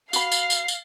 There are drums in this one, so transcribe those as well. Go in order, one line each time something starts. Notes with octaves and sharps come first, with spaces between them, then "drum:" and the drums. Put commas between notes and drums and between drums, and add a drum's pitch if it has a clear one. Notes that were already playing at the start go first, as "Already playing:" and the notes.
F#4 F5 B5 C7, drum: tambourine
drum: tambourine
drum: tambourine
drum: tambourine